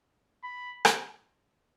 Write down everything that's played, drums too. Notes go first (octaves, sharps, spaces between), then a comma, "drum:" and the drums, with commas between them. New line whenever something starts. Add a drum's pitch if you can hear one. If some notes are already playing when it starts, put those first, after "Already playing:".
B5
drum: rim click